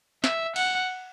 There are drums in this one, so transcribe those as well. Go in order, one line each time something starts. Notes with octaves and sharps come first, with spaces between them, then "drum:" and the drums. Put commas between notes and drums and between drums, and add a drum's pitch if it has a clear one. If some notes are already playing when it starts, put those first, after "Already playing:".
E5, drum: snare
F#5, drum: cymbal